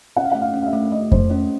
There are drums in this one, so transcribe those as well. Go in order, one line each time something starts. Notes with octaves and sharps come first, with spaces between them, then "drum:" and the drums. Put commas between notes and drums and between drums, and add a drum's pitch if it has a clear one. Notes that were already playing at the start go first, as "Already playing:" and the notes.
C#4 F#5
F5
F#5
A3
F5
C#4
F5
E5
A3
A3 D#5
A3 C5, drum: kick F2
C#4 C5